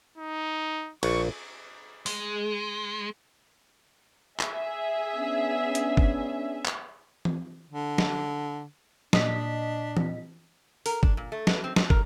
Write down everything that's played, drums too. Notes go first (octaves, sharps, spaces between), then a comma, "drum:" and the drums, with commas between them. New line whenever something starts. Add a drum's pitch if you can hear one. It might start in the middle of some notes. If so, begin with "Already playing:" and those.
D#4
A#1 C#6, drum: cymbal
G#3, drum: open hi-hat
G#4 E5, drum: clap
B3 C#4 D4
drum: hi-hat
drum: kick
drum: clap
drum: tom E3
D3
drum: snare
A#2 D4 D#5 B6, drum: snare
drum: tom E3
A#4, drum: open hi-hat
D4, drum: kick
A#2
A3
B4, drum: snare
C4
F3, drum: snare
A#4, drum: kick